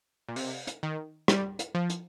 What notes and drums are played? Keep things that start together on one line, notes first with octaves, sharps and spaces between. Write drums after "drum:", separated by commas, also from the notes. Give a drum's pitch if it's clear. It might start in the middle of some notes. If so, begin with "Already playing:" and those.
A#2
C3, drum: open hi-hat
drum: hi-hat
D#3
G3, drum: rim click
drum: hi-hat
F3
drum: hi-hat